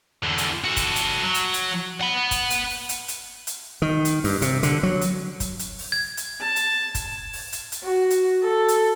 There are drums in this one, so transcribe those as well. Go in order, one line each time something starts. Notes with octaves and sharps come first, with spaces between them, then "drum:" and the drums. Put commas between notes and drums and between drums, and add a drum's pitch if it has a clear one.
E2 D3
drum: hi-hat
F#4 A4
drum: kick, hi-hat
drum: hi-hat
F#3
drum: hi-hat
drum: hi-hat
F#5 B5
drum: kick, hi-hat
drum: hi-hat
drum: open hi-hat
drum: hi-hat
drum: hi-hat
drum: hi-hat
D#3
drum: hi-hat
G2, drum: open hi-hat
C3, drum: hi-hat
D3, drum: hi-hat
F#3
drum: hi-hat
drum: kick, hi-hat
drum: hi-hat
drum: open hi-hat
G#6
drum: hi-hat
A5
drum: hi-hat
drum: kick, hi-hat
drum: open hi-hat
drum: hi-hat
drum: hi-hat
F#4
drum: hi-hat
A4
drum: hi-hat